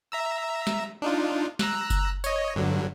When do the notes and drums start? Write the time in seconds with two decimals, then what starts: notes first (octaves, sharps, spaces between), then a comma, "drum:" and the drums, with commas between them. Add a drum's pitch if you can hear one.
0.12 E5 A#5 E6
0.67 drum: snare
1.02 D4 D#4 F4
1.59 A#5 E6 F#6, drum: snare
1.90 drum: kick F#1, tambourine
2.24 C#5 D#5, drum: tambourine
2.56 G2 D3 F#3